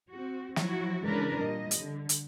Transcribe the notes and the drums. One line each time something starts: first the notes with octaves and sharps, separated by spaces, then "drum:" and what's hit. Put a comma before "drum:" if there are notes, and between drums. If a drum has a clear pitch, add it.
C4 F#4
F3 F#3 E4 F#4, drum: snare
C#3 E3 G#3 D4 A#4 B4
A#2 G3 D#5
drum: hi-hat
D3
drum: hi-hat